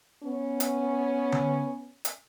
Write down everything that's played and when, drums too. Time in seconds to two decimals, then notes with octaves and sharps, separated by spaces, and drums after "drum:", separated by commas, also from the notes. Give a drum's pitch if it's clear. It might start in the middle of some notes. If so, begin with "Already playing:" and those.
0.24 B3 C#4
0.60 drum: hi-hat
1.32 drum: tom D3
2.05 drum: hi-hat